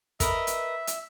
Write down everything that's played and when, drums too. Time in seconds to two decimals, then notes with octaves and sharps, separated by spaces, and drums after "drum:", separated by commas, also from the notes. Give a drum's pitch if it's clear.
0.20 A#4 B4 D#5 E5, drum: kick, hi-hat
0.47 drum: hi-hat
0.87 drum: hi-hat